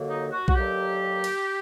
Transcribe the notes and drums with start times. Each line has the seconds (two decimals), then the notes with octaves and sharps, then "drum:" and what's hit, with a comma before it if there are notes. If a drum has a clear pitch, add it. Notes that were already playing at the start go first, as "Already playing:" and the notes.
Already playing: D#2 D3 F#3 A#3
0.08 D#4
0.32 F#4
0.48 F#4, drum: kick B1
0.55 D#2 D3 F#3 A#3 G4
1.24 drum: cymbal